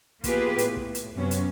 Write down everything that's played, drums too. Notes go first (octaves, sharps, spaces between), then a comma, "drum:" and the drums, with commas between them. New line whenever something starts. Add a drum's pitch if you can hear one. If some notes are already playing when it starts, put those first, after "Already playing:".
A#3 B3 F4 G4 G#4 B4, drum: kick, hi-hat
A2, drum: hi-hat
drum: kick
drum: hi-hat
F#2 C3 F#3 B3 C#4
drum: hi-hat